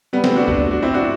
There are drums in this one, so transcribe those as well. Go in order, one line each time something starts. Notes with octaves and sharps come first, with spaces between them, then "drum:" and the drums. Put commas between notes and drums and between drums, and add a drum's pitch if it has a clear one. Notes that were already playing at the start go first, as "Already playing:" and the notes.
G3 B3
A3 C4, drum: snare
D4 F#4
D4 F#4, drum: kick C#2
D4 F#4
C4 E4
D4 F#4